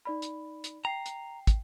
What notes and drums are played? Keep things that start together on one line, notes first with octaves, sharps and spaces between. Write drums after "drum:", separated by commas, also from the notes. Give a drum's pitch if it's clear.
D#4 D5 B5
drum: hi-hat
drum: hi-hat
G5 A#5 C7
drum: hi-hat
drum: kick, hi-hat